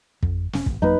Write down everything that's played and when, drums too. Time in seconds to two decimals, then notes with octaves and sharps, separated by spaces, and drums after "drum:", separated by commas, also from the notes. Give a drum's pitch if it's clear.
0.23 F2, drum: kick
0.53 F1 C#4, drum: snare
0.66 G#1, drum: kick
0.82 F2 F#3 A#3 D#4 B4